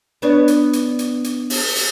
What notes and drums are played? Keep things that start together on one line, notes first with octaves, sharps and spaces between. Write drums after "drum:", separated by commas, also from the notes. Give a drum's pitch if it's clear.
B3 D4 C#5
drum: hi-hat
drum: hi-hat
drum: hi-hat
drum: hi-hat
drum: open hi-hat
drum: open hi-hat